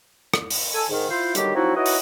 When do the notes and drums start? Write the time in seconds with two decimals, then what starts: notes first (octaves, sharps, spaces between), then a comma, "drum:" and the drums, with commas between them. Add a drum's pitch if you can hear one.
0.34 drum: rim click
0.50 drum: open hi-hat
0.74 A4 G#5
0.90 G#2 D#3
1.09 E4 F4 C5
1.35 D3 D#3 F#3 G3 G4, drum: hi-hat
1.55 F3 F#3 C4 D#4 E4 F#4
1.75 D#4 E4 F#4 B4 C#5 D#5
1.86 drum: open hi-hat